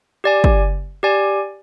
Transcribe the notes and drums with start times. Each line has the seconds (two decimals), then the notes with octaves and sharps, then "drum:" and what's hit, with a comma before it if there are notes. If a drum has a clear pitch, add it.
0.24 G4 D5 G#5
0.44 drum: kick
1.03 G4 D5 G#5